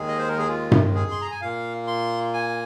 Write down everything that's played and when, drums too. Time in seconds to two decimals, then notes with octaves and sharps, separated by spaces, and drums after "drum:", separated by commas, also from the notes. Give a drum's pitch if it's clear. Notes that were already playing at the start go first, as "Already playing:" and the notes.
Already playing: D#2 D#3 G#3 G#4
0.08 D#5
0.18 C5
0.28 A#4
0.38 G#4
0.49 F4
0.72 drum: tom G2
0.95 G#4
1.11 C6
1.22 A#5
1.31 G#5
1.41 A#2 A#3 F5
1.87 C6
2.34 G#5